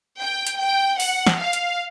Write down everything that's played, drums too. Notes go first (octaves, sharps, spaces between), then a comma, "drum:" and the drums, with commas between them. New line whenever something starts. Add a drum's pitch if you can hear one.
G5
drum: hi-hat
G5
F#5, drum: open hi-hat
drum: snare
F5
drum: hi-hat